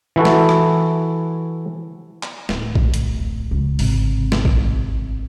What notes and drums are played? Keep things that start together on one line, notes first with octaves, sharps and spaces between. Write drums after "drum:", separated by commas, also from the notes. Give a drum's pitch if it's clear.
E3 E4 F#4 A4
drum: snare
drum: rim click
drum: clap
D1, drum: snare
drum: kick A#1
drum: hi-hat
C#2
G#1 C3, drum: open hi-hat
drum: snare
drum: kick A#1